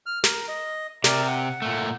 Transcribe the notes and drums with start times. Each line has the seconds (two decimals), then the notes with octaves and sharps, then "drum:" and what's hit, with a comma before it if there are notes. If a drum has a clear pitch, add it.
0.06 F6
0.24 A#4, drum: snare
0.48 D#5
1.04 C3 A#4 D5, drum: snare
1.27 F#5
1.62 A#2 A3